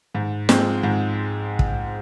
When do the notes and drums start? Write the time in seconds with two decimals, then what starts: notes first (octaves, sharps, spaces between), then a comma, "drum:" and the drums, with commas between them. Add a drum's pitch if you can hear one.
0.15 G#2
0.49 F3 G#3 C4, drum: snare
0.83 G#2
1.59 drum: kick